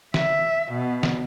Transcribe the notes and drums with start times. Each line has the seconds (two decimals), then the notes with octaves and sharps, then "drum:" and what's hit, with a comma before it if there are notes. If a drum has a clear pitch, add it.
0.14 E5, drum: snare
0.72 B2
1.03 drum: snare